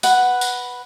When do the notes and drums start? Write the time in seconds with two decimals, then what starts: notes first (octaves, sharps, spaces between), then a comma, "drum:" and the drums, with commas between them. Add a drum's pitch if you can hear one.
0.03 B4 F#5, drum: tambourine
0.41 drum: tambourine